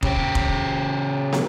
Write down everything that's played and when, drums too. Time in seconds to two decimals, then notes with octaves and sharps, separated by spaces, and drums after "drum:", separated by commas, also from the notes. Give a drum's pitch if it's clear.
0.03 C#3 G4, drum: kick F1
0.35 drum: kick F1
1.33 drum: snare